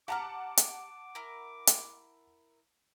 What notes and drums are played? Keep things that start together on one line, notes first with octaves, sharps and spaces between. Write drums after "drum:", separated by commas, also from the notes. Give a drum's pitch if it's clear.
G4 F#5 A5 A#5 D6 F6
drum: hi-hat
E4 A#4
drum: hi-hat